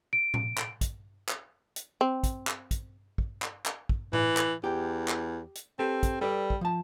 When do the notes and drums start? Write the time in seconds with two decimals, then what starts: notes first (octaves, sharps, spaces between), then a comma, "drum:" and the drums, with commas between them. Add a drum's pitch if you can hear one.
0.13 D7
0.34 drum: tom A2
0.58 drum: clap
0.81 drum: kick, hi-hat
1.29 drum: clap
1.76 drum: hi-hat
2.01 C4
2.23 drum: kick, hi-hat
2.47 drum: clap
2.71 drum: kick, hi-hat
3.18 drum: kick
3.42 drum: clap
3.66 drum: clap
3.89 drum: kick
4.13 E3, drum: tom A2
4.37 drum: clap
4.64 E2 G4
5.08 drum: clap
5.55 drum: hi-hat
5.79 C4 G4 A4 B4
6.03 drum: kick, hi-hat
6.21 G3 A4 B4 D5
6.50 drum: kick
6.61 F3 A5